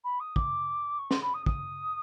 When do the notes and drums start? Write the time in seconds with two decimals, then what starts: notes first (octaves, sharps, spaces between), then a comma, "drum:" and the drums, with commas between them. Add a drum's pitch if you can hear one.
0.04 B5
0.20 D#6
0.36 D6, drum: kick
0.99 C#6
1.11 C6, drum: snare
1.22 B5
1.34 D#6
1.46 D#6, drum: kick